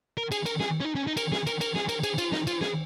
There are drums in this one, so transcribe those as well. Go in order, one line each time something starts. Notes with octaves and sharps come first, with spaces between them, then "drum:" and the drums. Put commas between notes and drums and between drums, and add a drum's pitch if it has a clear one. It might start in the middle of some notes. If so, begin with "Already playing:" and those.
A#4
G#4, drum: cymbal
A#4, drum: cymbal
G#4, drum: snare
C#4
D#4
C#4
D#4
A#4, drum: cymbal
G#4, drum: snare
A#4, drum: cymbal
A#4, drum: cymbal
G#4, drum: snare
A#4, drum: cymbal
G#4, drum: cymbal
F4, drum: cymbal
D#4, drum: snare
F4, drum: cymbal
G#4, drum: snare